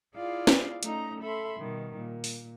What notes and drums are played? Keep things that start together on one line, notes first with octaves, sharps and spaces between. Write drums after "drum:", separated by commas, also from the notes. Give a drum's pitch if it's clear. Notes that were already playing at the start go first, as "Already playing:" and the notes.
E4 F4 G#4 D5 F5
drum: snare
A3 C#4 D#4 D#5 A#5, drum: hi-hat
A4 E5 B5 C6
B2 D#3 G3
A#2
drum: open hi-hat